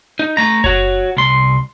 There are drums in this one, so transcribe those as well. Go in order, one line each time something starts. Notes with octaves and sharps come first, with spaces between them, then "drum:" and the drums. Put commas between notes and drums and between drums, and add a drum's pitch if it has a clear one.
D#4
A3 A#5
F#4 C#5, drum: kick F#1
C2 C6